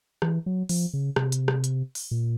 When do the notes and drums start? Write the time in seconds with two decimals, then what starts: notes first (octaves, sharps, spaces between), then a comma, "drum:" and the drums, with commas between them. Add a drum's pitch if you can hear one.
0.22 E3, drum: rim click
0.46 F#3
0.69 F3, drum: open hi-hat
0.93 C#3
1.16 C3, drum: rim click
1.32 drum: hi-hat
1.48 drum: rim click
1.64 drum: hi-hat
1.95 drum: open hi-hat
2.11 A#2